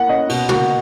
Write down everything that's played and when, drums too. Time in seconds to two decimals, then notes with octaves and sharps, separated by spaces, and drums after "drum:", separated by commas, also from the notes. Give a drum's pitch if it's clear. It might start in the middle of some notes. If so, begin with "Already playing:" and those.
Already playing: A#3 E4 F#5
0.09 C#4 D#5
0.29 B2, drum: cymbal
0.49 A#3 F#4, drum: tom